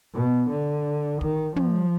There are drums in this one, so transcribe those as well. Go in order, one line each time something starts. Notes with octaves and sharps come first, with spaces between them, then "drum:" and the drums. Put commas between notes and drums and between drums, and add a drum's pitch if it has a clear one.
B2
D3
D#3, drum: kick
F3, drum: tom